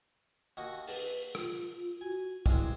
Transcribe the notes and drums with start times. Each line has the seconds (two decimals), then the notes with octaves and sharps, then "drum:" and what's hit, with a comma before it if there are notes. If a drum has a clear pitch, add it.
0.57 D#2 F#4 D#5
0.88 B4 A5, drum: open hi-hat
1.35 F4, drum: rim click
2.01 F#4 G#5
2.46 G2 G#3 C4 E4, drum: kick